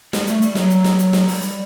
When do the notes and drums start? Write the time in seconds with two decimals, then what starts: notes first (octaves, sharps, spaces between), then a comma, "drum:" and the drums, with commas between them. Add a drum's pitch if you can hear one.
0.13 G3, drum: snare
0.27 A3, drum: hi-hat
0.42 G3, drum: hi-hat
0.55 F#3, drum: snare
0.70 drum: hi-hat
0.84 drum: snare
0.99 drum: hi-hat
1.13 drum: snare
1.28 G3, drum: open hi-hat
1.42 drum: hi-hat